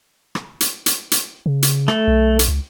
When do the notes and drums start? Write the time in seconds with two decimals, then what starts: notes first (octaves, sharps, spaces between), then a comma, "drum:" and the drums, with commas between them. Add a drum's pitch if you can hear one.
0.35 drum: rim click
0.60 drum: hi-hat
0.86 drum: hi-hat
1.11 drum: hi-hat
1.46 C#3
1.62 drum: hi-hat
1.88 A3, drum: rim click
2.08 B1
2.39 drum: hi-hat
2.48 C#2